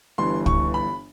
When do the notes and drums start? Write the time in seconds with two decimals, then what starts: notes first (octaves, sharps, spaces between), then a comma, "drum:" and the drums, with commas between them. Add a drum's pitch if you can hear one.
0.18 G1 G2 E3 C6
0.46 C#6, drum: kick
0.74 B5